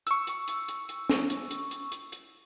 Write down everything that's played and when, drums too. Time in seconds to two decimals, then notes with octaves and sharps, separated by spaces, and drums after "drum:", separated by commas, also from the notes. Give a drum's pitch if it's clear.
0.07 C#6 E6, drum: hi-hat
0.27 drum: hi-hat
0.48 drum: hi-hat
0.68 drum: hi-hat
0.89 drum: hi-hat
1.09 drum: snare
1.30 drum: hi-hat
1.51 drum: hi-hat
1.71 drum: hi-hat
1.92 drum: hi-hat
2.12 drum: hi-hat